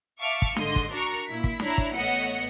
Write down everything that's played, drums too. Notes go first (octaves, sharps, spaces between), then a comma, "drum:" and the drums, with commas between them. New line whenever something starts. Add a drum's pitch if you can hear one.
E5 F5 A5 C#6 D6
drum: kick
G#2 D3 D#5 C6, drum: snare
drum: kick
D4 F#4 A#4 A#5 C#6
A#2 E4 B6
drum: kick
D4 E4 C#5 A#5, drum: snare
drum: kick
A1 A3 B3 C#5 D#5 F#5